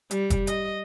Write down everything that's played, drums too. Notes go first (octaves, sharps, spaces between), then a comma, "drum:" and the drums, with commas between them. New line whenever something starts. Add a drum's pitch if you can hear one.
G3, drum: hi-hat
drum: kick, hi-hat
D#5, drum: hi-hat